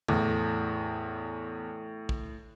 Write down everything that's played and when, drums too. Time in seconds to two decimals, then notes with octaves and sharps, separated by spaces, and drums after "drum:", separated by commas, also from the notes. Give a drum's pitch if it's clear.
0.08 E2 A2, drum: tom D3
2.09 drum: kick